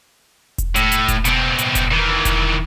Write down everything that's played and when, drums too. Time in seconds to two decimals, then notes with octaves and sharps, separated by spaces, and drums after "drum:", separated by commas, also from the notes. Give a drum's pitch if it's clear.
0.58 drum: kick E1, hi-hat
0.76 A2, drum: hi-hat
0.92 drum: hi-hat
1.08 drum: kick E1, hi-hat
1.25 B2 C4, drum: hi-hat
1.58 drum: hi-hat
1.75 drum: kick E1, hi-hat
1.91 D#3 E3
2.25 drum: kick E1, hi-hat